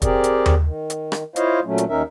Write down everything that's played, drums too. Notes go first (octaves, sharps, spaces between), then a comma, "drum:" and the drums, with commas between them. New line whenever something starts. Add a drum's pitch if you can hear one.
C4 G4 G#4 A#4 D5, drum: kick, hi-hat
drum: hi-hat
drum: tom D#2
D#3
drum: hi-hat
drum: rim click
E4 F4 C5 C#5 D#5 F5, drum: hi-hat
A#2 F#3 A3 C#4
drum: hi-hat
D#2 D#3 C#4 D#4 A#4 E5